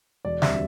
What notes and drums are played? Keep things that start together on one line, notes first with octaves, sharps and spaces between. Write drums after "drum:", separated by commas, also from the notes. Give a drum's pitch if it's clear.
E1 D5
D2 C3 G3 E5, drum: snare